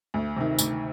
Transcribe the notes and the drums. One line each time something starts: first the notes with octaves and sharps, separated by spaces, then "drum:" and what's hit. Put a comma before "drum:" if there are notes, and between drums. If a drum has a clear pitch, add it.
D2
C3 D#3
D2, drum: tambourine